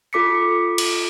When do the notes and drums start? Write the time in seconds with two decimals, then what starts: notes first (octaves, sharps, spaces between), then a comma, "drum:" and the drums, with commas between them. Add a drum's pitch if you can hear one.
0.13 F4 A4 D6 B6 C#7
0.78 drum: cymbal